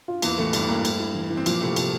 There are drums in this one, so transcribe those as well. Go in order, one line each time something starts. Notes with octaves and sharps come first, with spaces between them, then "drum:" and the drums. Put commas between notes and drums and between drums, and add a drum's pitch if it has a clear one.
F4
E2 E3 A#3, drum: cymbal
A2 E3 A3
G2 E3 G3, drum: cymbal
G2 G3 A#3
A3, drum: cymbal
E4
E3
E3
C4
A#2 F3 A#3, drum: cymbal
A2 C3 A3
C3 F3, drum: cymbal